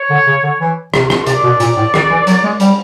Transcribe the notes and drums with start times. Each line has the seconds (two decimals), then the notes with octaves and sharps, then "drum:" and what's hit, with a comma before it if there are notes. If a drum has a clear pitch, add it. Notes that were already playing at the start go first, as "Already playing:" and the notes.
Already playing: C#5
0.10 D3
0.27 C#3
0.43 D3
0.60 E3
0.94 C3, drum: rim click
1.10 drum: rim click
1.26 C3 D5, drum: hi-hat
1.43 B2
1.60 A#2, drum: hi-hat
1.77 A2
1.94 D#3, drum: rim click
2.10 E3
2.27 F#3, drum: hi-hat
2.44 G#3
2.60 G3, drum: hi-hat